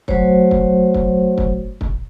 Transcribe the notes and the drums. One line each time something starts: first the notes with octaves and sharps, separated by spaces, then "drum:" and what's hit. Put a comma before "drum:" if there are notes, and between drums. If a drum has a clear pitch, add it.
F#3 A3 F#4 C5 C#5, drum: kick
drum: kick
drum: kick
drum: kick
drum: kick